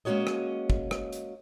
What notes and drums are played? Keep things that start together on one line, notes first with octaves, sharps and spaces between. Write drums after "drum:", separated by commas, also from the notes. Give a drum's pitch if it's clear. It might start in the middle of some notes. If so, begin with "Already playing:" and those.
G#3 A#3 C#4 F#4 C#5 D#5
drum: rim click
drum: kick
drum: rim click
drum: hi-hat